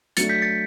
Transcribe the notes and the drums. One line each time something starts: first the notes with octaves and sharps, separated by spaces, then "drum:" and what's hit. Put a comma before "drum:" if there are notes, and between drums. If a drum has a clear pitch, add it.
F#3 A3 D4 A6 C#7, drum: hi-hat
G6 B6
A6 C#7